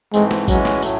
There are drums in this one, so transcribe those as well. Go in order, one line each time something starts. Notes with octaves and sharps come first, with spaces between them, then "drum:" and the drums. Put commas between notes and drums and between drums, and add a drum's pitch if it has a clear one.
G#2 E3 G#3 A3 C4, drum: tambourine
drum: snare
E3 F#3 G#3 C#4 F#4, drum: kick A1, tambourine
drum: snare
A2 F#3 A3, drum: tambourine